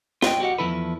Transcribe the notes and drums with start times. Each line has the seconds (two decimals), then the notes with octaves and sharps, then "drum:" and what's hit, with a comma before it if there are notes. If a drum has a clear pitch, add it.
0.22 F4 C#5 D#5 G5, drum: snare
0.40 F#4 G4 D#5 F#5
0.59 E2 B2 F3 E4 A4 B4